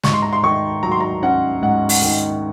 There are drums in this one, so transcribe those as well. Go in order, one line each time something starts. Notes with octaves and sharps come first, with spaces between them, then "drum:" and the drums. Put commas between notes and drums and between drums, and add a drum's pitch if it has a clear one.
G#2 C#6, drum: snare
C6
A#5
C6
D#3 C#6
F#3 A#5
C6
A#5
C#4 F#5
G#2 F#5
F#5, drum: open hi-hat
D#3